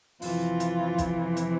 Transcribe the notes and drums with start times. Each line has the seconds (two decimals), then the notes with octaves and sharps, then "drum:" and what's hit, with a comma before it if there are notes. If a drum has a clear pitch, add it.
0.22 F2 C3 E3 F4, drum: open hi-hat
0.60 drum: hi-hat
0.98 drum: kick, hi-hat
1.37 drum: hi-hat